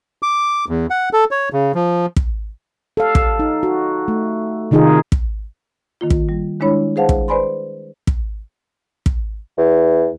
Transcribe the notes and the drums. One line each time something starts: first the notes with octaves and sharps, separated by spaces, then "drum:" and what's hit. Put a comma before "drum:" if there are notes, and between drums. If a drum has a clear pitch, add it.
D6
E2
F#5
A4
C#5
C#3
F3
drum: kick
A4 F5
drum: kick
D#4
F#4
A3
C3 D#3 D#4 F4 G#4
drum: kick
D#3 A#3 F4
drum: kick
G3
D#3 G#3 D4 E4 C#5 B5
G#4 B4 C5 F5 F#5 A5
drum: kick
B4 C5 D5 G#5 B5 C6
drum: kick
drum: kick
E2